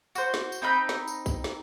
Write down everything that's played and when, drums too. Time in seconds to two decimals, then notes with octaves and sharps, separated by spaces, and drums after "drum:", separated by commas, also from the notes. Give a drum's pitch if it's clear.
0.15 F#4 C5, drum: tambourine
0.34 drum: snare
0.52 drum: tambourine
0.62 C4 D#4 B5 G6
0.89 drum: snare
1.07 drum: tambourine
1.26 drum: kick, tambourine
1.44 drum: snare